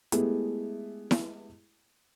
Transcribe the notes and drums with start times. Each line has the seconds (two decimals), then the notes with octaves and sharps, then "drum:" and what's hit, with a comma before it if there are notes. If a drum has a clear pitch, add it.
0.12 G#3 A3 B3 E4 G4 G#4, drum: hi-hat
1.11 drum: snare E4